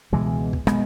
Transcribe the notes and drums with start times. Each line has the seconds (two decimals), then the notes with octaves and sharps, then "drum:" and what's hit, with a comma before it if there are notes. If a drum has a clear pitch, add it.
0.12 C#2 B2 E3 G#3
0.53 drum: kick
0.67 B2 G#3 B3, drum: rim click